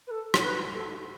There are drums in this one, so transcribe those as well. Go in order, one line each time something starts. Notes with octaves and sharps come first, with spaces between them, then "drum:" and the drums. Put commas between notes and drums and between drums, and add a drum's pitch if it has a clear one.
B4
A4
C#5, drum: rim click
B4
A4